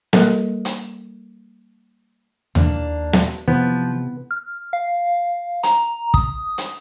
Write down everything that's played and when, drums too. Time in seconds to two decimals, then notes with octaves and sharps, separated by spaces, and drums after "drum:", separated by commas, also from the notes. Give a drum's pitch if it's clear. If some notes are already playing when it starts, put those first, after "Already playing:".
0.13 G3 A#3 A4 A#4, drum: snare
0.65 drum: hi-hat
2.55 D#2 A#3 D4, drum: tom D#2
3.13 drum: snare
3.48 C3 F3 B3
4.31 F6
4.73 F5
5.63 A#5, drum: hi-hat
6.14 D#6, drum: kick
6.58 drum: hi-hat